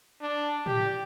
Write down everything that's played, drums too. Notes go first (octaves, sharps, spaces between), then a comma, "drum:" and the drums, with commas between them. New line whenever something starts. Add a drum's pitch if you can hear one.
D4
G4, drum: tom A2